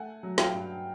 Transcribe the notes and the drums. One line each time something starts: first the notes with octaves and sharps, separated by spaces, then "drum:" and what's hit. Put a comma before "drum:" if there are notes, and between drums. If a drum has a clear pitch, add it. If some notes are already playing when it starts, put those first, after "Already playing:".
Already playing: A3 F#5 G#5
F#3
F5 G5, drum: snare
G2